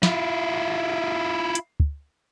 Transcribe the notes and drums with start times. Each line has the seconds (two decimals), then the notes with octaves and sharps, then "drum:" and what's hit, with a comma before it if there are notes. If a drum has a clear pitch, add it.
0.03 E4 F4, drum: snare
1.55 drum: hi-hat
1.80 drum: kick